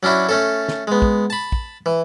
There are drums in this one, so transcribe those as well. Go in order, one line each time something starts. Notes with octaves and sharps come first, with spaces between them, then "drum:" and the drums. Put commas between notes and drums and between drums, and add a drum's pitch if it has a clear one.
F#3 C#4 D4 E4 F#4
A3 C#4 A4
drum: snare
G#3 B3
drum: kick
A5 B5
drum: kick
E3